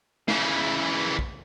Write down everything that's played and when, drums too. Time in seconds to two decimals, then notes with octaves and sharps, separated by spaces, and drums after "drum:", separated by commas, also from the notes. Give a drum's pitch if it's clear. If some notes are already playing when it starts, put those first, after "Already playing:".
0.28 C#3 E3, drum: snare
1.19 drum: kick